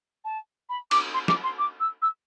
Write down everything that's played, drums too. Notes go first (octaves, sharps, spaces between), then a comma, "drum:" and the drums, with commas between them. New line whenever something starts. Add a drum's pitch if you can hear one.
A5
B5
D6, drum: cymbal
C6
D6, drum: snare
C6
D6
E6
E6